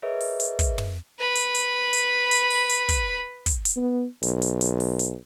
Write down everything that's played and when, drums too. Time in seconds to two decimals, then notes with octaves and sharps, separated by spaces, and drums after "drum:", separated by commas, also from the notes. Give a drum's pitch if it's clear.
0.02 G#4 A#4 B4 C#5 D#5 E5
0.20 drum: open hi-hat
0.40 drum: hi-hat
0.59 drum: kick, hi-hat
0.78 drum: tom
1.20 B4 B5
1.35 drum: hi-hat
1.55 drum: hi-hat
1.93 drum: hi-hat
2.31 drum: hi-hat
2.50 drum: open hi-hat
2.69 drum: hi-hat
2.89 drum: kick, hi-hat
3.46 drum: kick, hi-hat
3.65 drum: hi-hat
3.76 B3
4.23 B1, drum: hi-hat
4.42 drum: hi-hat
4.61 drum: hi-hat
4.80 drum: open hi-hat
4.99 drum: hi-hat